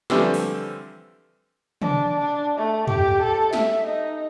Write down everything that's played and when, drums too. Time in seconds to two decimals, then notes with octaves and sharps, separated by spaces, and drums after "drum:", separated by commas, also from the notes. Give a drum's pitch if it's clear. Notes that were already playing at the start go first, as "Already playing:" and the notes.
0.10 D3 E3 F3 G3 A3 C4, drum: snare
0.34 drum: open hi-hat
1.82 D4, drum: tom
2.19 D4
2.58 A3
2.87 G4, drum: tom
3.22 A4
3.53 E5, drum: snare
3.86 D#4